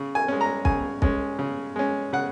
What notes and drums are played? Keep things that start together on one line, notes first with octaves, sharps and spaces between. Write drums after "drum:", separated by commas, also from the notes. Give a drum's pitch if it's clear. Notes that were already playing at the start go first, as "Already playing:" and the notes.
Already playing: C#3
G#5
G#3 C#4
A#5
C#3 G#5, drum: kick
G#3 C#4, drum: kick
C#3
G#3 C#4
C#3 F#5